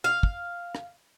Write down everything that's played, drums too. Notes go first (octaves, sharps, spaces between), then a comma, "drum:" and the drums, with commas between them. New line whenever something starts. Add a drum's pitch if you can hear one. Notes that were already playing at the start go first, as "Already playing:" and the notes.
F5
drum: kick
drum: rim click